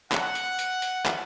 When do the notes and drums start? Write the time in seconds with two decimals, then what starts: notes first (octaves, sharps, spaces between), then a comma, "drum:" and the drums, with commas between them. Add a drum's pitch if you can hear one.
0.12 F#5, drum: clap
0.35 drum: hi-hat
0.59 drum: hi-hat
0.82 drum: hi-hat
1.06 drum: clap